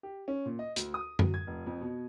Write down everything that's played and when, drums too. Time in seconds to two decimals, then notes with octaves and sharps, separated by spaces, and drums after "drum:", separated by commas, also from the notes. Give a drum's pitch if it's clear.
0.03 G4
0.28 C#4
0.46 A#2
0.59 D#5
0.76 D2, drum: hi-hat
0.94 D#6
1.19 F#3, drum: tom F#2
1.34 G#6
1.47 F1
1.67 F2
1.81 B2